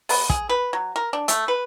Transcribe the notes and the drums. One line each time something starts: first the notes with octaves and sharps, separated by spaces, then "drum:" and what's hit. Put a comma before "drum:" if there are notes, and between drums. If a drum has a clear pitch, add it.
B3, drum: open hi-hat
G#4, drum: kick
B4
F#3
A#4
D4
A3, drum: hi-hat
B4